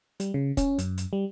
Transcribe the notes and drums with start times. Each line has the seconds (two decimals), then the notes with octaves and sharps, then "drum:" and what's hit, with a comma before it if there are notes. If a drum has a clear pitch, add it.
0.20 G3, drum: hi-hat
0.34 C#3
0.57 C#4, drum: kick, hi-hat
0.78 F#2, drum: hi-hat
0.98 drum: hi-hat
1.13 G3